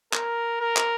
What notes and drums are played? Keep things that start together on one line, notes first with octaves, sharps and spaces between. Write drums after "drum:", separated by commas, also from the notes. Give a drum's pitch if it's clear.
A#4, drum: clap
A#4
drum: clap